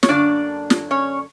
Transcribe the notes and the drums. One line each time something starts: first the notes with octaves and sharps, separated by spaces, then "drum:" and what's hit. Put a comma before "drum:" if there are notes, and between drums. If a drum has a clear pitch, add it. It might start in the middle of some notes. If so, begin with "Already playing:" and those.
C#5, drum: snare
F#2 D3 A#3 D4 D5
drum: snare
C#4 C#5